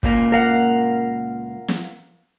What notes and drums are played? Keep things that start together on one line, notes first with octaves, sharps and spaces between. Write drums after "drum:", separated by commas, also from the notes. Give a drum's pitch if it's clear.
C#2 A#2 A#3, drum: kick
A#4 F5 F#5
drum: snare